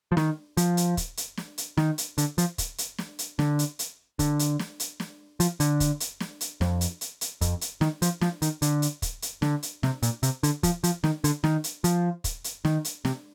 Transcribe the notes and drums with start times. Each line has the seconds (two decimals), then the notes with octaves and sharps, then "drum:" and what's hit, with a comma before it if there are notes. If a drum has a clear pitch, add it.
0.12 F3
0.17 D#3, drum: snare
0.57 F3, drum: hi-hat
0.77 drum: hi-hat
0.97 drum: kick, hi-hat
1.17 drum: hi-hat
1.37 drum: snare
1.58 drum: hi-hat
1.77 D#3, drum: snare
1.98 drum: hi-hat
2.18 D3, drum: hi-hat
2.38 F3, drum: hi-hat
2.58 drum: kick, hi-hat
2.78 drum: hi-hat
2.98 drum: snare
3.19 drum: hi-hat
3.39 D3, drum: snare
3.59 drum: hi-hat
3.79 drum: hi-hat
4.19 D3, drum: kick, hi-hat
4.39 drum: hi-hat
4.59 drum: snare
4.80 drum: hi-hat
5.00 drum: snare
5.40 F3, drum: hi-hat
5.60 D3, drum: hi-hat
5.80 drum: kick, hi-hat
6.00 drum: hi-hat
6.20 drum: snare
6.41 drum: hi-hat
6.61 F2, drum: snare
6.81 drum: hi-hat
7.01 drum: hi-hat
7.21 drum: hi-hat
7.41 F2, drum: kick, hi-hat
7.61 drum: hi-hat
7.81 D#3, drum: snare
8.02 F3, drum: hi-hat
8.21 F3, drum: snare
8.42 D#3, drum: hi-hat
8.62 D3, drum: hi-hat
8.82 drum: hi-hat
9.02 drum: kick, hi-hat
9.22 drum: hi-hat
9.42 D3, drum: snare
9.63 drum: hi-hat
9.83 C3, drum: snare
10.02 A#2, drum: hi-hat
10.23 C3, drum: hi-hat
10.43 D3, drum: hi-hat
10.63 F3, drum: kick, hi-hat
10.84 F3, drum: hi-hat
11.04 D#3, drum: snare
11.24 D3, drum: hi-hat
11.44 D#3, drum: snare
11.64 drum: hi-hat
11.84 F3, drum: hi-hat
12.24 drum: kick, hi-hat
12.44 drum: hi-hat
12.65 D#3, drum: snare
12.85 drum: hi-hat
13.05 C3, drum: snare